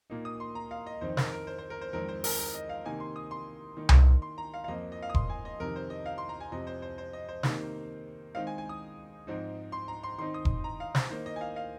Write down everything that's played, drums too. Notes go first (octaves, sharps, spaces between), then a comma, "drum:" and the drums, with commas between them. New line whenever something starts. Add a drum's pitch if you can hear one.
A#2 A#3 D#4
D#6
C6
A#5
F5
D#5
F2 D#3 C4 D#4 C5
A#4, drum: snare
A#4
C5
C5
A#4
C5
F2 D#3 G#3 C4 D#4 A#4
C5
A#4, drum: open hi-hat
A#4
D#5
F5
C3 D#3 A#3 D#4 G#5
C6
D#6
C6
D#3 A#3 D#4
drum: tom C2
C6
A#5
F5
F5
F2 F3 A#3 D#5
D#5
F5
D#6
C6, drum: kick E1
G#5
D#5
F2 C3 D#3 A#4
C5
D#5
F5
C6
A#5
G#5
F2 C3 F3 D#5
C5
C5
C5
D#5
C5
C3 D#3 A#3 D#4, drum: snare
D#3 G#3 C4 D#4 F5
G#5
G#5
D#6
G#2 F3 C4 D#4
C6
A#5
C6
D#3 C4 D#4 C6
D#6
drum: kick E1
A#5
F5
C5, drum: snare
D#3 A#3 D#4 C5
D#5
G#5
F5
F5